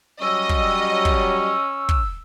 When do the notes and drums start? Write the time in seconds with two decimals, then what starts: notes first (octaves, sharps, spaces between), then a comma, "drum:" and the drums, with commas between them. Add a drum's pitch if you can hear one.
0.21 F#3 G3 C#4 D#5 E6
0.49 drum: kick
1.05 drum: kick
1.89 drum: kick